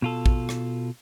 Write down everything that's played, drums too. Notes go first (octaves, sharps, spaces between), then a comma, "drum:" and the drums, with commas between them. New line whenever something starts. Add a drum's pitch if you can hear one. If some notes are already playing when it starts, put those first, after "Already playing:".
B2 F4 A4
drum: kick
drum: rim click